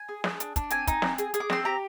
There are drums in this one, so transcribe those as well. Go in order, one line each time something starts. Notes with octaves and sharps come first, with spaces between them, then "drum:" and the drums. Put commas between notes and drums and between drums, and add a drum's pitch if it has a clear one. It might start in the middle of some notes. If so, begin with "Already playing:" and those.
Already playing: G#5
G#4
G#4, drum: snare
D4, drum: hi-hat
D4, drum: kick, hi-hat
C4 G#5, drum: hi-hat
D#4, drum: kick, hi-hat
C4, drum: snare
G#4, drum: hi-hat
G#4, drum: hi-hat
D6
C4 C6, drum: snare
G4 A#5